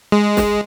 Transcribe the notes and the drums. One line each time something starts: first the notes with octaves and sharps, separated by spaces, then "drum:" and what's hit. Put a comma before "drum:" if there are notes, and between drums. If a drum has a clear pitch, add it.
G#3
drum: snare